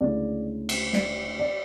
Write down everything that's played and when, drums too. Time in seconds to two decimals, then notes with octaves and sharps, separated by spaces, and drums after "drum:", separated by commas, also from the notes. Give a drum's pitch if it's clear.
0.01 D2 C#3 G#3 C#4 E4 D5
0.69 drum: cymbal
0.93 D5, drum: snare
1.39 D5